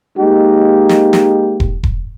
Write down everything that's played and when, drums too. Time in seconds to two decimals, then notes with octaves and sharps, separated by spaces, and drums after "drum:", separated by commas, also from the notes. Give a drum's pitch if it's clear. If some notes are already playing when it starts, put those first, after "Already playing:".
0.19 G#3 A#3 D#4 G4
0.89 drum: snare
1.13 drum: snare
1.60 drum: kick E1
1.83 drum: kick E1